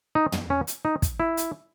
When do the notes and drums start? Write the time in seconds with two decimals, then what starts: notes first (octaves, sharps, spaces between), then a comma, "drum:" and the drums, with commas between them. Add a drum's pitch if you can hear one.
0.15 D#4
0.32 drum: tom
0.50 C#4
0.67 drum: hi-hat
0.85 D#4
1.02 drum: kick, hi-hat
1.20 E4
1.37 drum: hi-hat